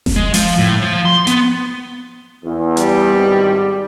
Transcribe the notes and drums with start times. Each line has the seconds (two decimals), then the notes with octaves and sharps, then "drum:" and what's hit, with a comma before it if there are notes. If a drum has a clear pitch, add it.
0.06 drum: snare F1
0.16 G#3
0.34 F3, drum: open hi-hat
0.58 A2
0.82 F3
1.05 C6
1.27 B3, drum: hi-hat
2.44 E2
2.77 G3, drum: hi-hat
3.13 G#1